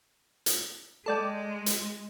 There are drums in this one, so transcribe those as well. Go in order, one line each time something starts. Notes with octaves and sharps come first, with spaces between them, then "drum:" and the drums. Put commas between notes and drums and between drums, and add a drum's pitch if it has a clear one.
drum: hi-hat
G#3 A4 D5 G5
drum: hi-hat